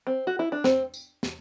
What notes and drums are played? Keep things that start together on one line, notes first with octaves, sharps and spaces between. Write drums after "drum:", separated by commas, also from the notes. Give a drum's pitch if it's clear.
C4
F#4
E4
D4
C4, drum: snare
drum: tambourine
drum: snare